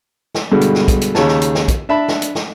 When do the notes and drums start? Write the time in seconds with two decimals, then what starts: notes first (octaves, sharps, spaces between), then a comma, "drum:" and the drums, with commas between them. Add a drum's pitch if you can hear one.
0.35 drum: snare
0.52 G2 B2 D3 G3 G#3
0.61 drum: hi-hat
0.75 drum: snare
0.88 drum: kick, hi-hat
1.01 drum: hi-hat
1.15 D#2 C#3 C#5 A5, drum: snare
1.28 drum: snare
1.42 drum: hi-hat
1.55 drum: snare
1.68 drum: kick, hi-hat
1.89 D4 E5 A5 B5
2.08 drum: snare
2.22 drum: hi-hat
2.35 drum: snare